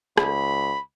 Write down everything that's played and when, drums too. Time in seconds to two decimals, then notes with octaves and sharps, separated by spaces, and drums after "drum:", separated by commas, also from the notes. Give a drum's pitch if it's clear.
0.18 C#2 B5, drum: rim click